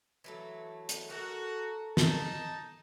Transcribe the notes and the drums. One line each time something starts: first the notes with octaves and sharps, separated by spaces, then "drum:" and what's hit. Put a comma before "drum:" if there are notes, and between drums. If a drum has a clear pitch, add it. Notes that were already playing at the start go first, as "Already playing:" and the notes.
E3 F#3 A3
drum: hi-hat
F#4 A4 A#4
D#4 A5, drum: snare